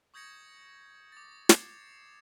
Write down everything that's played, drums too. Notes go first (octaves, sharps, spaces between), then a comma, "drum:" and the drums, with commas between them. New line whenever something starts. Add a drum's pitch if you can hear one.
C#6 D#6 G6 G#6 A#6 C#7
D6 A6
G#6 C7 C#7 E7, drum: snare